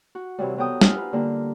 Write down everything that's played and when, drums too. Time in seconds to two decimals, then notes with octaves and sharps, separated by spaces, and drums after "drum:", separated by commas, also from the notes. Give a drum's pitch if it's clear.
0.15 F#4
0.39 C3 E3 F#3 G3
0.58 F#3 B3 A4 G5 D#6
0.81 G4 C5 E5 F#5 G#5 F6, drum: snare
0.96 D#4 F4 B4
1.13 D3 G3 A#3 F4